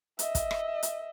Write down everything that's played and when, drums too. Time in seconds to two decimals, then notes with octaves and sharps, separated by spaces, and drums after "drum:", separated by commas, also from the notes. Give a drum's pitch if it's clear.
0.19 D#5 E5, drum: hi-hat
0.35 drum: kick, hi-hat
0.51 drum: rim click
0.83 drum: hi-hat